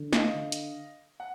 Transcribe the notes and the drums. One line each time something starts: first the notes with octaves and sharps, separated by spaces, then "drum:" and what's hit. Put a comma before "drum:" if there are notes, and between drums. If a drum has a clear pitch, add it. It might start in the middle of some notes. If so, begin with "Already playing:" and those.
Already playing: D3
D#5 F5, drum: snare
D3
drum: hi-hat
F#5